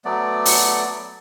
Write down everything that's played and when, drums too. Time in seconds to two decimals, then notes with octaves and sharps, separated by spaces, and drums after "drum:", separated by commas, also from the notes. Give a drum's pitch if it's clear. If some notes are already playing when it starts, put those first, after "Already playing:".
0.05 F#3 A3 B3 D5
0.45 drum: open hi-hat